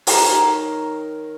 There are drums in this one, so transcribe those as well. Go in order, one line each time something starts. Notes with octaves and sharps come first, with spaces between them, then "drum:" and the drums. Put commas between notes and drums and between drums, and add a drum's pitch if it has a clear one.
D#3 A#4 C#5, drum: open hi-hat